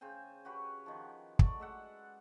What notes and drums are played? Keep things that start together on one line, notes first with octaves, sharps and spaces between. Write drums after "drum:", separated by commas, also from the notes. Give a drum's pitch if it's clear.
C#3 C5 G5 G#5
F#4 G4 B4 C#5
D#3 F3
F#3 A3 D5, drum: kick
G#3 E5 F#5